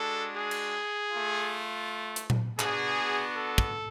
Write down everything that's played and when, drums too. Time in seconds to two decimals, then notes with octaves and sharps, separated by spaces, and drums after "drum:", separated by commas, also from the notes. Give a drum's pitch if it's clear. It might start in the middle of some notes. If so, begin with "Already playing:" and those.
Already playing: G#3 D4 F#4 A4
0.36 G#4
0.51 drum: cymbal
1.11 A3 F4
2.16 drum: hi-hat
2.30 drum: tom A#2
2.59 B3 D4 F#4 G#4, drum: clap
3.34 A4
3.58 drum: kick